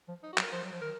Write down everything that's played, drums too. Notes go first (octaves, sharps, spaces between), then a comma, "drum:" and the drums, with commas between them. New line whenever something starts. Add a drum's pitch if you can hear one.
F3
D#4
F#4
F#3, drum: clap
A#4
F3 C5
F#3
F3
D#3 A#4